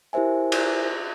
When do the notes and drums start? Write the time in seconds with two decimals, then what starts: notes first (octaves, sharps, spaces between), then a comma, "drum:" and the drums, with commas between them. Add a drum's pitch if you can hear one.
0.13 E4 G4 A#4 C5 E5 G#5
0.52 drum: cymbal